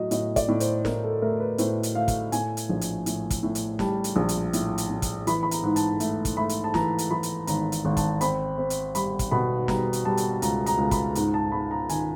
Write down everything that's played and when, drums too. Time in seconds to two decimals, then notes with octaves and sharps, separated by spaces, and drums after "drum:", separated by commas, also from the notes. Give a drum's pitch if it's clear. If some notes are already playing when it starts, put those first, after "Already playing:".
Already playing: A2 F#3 D#5
0.11 A2 D#5, drum: hi-hat
0.36 D5, drum: kick, hi-hat
0.48 A2
0.60 C5, drum: hi-hat
0.85 A2 A#4, drum: snare
1.04 A4
1.22 A3 A#4
1.40 B4
1.58 A2 C5, drum: hi-hat
1.83 drum: hi-hat
1.95 A3 F5
2.08 drum: kick, hi-hat
2.32 A2 G#5, drum: hi-hat
2.57 drum: hi-hat
2.69 A#1
2.81 drum: hi-hat
3.06 A2, drum: hi-hat
3.30 drum: kick, hi-hat
3.43 A2
3.55 drum: hi-hat
3.79 G3 A5, drum: snare
4.04 drum: hi-hat
4.16 A#1
4.29 drum: hi-hat
4.53 A2, drum: hi-hat
4.78 drum: hi-hat
4.90 A2
5.02 drum: kick, hi-hat
5.27 E3 B5, drum: hi-hat
5.43 B5
5.51 A#5, drum: hi-hat
5.63 G#2
5.76 A5, drum: hi-hat
6.00 A3, drum: hi-hat
6.25 drum: kick, hi-hat
6.37 A3 B5
6.49 drum: hi-hat
6.64 A5
6.74 E3 A#5, drum: snare
6.98 drum: hi-hat
7.11 E3 B5
7.23 drum: hi-hat
7.47 G#1 A#5, drum: hi-hat
7.72 drum: hi-hat
7.85 G#1
7.97 A5, drum: kick, hi-hat
8.21 C4 B5, drum: hi-hat
8.58 C4
8.70 drum: hi-hat
8.95 G3 B5, drum: hi-hat
9.19 drum: kick, hi-hat
9.31 B2 B5
9.68 G3 A#5, drum: snare
9.93 drum: hi-hat
10.05 G3 A5
10.17 drum: hi-hat
10.42 C#2 A#5, drum: hi-hat
10.66 A#5, drum: hi-hat
10.78 C#2
10.91 B5, drum: kick, hi-hat
11.15 G#2 A#5, drum: hi-hat
11.34 A5
11.52 G#2 B5
11.71 A#5
11.89 D#3 G#5, drum: hi-hat